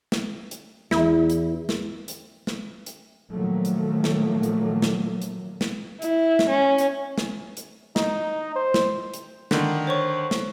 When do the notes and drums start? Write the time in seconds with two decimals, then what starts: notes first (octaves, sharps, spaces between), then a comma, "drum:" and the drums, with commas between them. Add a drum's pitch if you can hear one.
0.12 drum: snare
0.51 drum: hi-hat
0.91 E2 E4, drum: snare
1.30 drum: hi-hat
1.69 drum: snare
2.08 drum: hi-hat
2.47 drum: snare
2.86 drum: hi-hat
3.31 A#2 D#3 F3 F#3 A3 A#3
3.65 drum: hi-hat
4.04 drum: snare
4.43 drum: hi-hat
4.82 drum: snare
5.22 drum: hi-hat
5.61 drum: snare
6.02 E4, drum: hi-hat
6.39 drum: snare
6.49 C#4
6.78 drum: hi-hat
7.18 drum: snare
7.57 drum: hi-hat
7.96 D#4, drum: snare
8.56 C5
8.74 drum: snare
9.14 drum: hi-hat
9.51 D3 D#3, drum: snare
9.87 C5 C#5 C#6
10.31 drum: snare